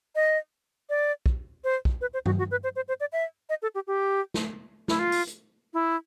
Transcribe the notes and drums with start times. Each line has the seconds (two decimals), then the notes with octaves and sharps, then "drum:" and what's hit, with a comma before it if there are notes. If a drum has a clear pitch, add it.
0.15 D#5
0.90 D5
1.26 drum: kick
1.64 C5
1.85 drum: kick
2.01 B4
2.14 C5
2.26 F#4, drum: tom G2
2.38 F#4
2.51 B4
2.64 C5
2.76 C5
2.88 C5
3.00 D5
3.12 E5
3.49 D#5
3.62 A4
3.75 G4
3.87 G4
4.34 drum: snare
4.88 E4, drum: snare
4.99 F4
5.12 drum: open hi-hat
5.27 drum: hi-hat
5.74 E4